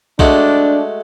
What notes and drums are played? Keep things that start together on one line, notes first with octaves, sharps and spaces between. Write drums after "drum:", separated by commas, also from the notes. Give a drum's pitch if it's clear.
G#3 A3 D4 F#4, drum: kick B1